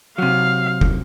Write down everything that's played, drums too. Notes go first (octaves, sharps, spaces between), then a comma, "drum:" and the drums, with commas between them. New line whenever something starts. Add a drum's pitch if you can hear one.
C3 F#3 F5
drum: kick